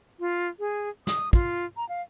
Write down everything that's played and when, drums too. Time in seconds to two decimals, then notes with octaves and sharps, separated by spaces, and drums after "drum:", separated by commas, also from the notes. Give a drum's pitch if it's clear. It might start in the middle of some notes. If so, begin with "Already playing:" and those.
0.20 F4
0.59 G#4
1.07 D#6, drum: snare
1.33 F4, drum: kick
1.77 A#5
1.89 F5